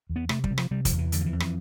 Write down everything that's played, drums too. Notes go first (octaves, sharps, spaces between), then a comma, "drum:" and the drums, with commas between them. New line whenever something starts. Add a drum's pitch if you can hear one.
E2
B3
C3 A3, drum: rim click
G3, drum: kick
C3
F3, drum: rim click
C3 G3
F3, drum: kick, hi-hat
E2
E3
F2 D3, drum: hi-hat
F3
E3
F2
E3, drum: rim click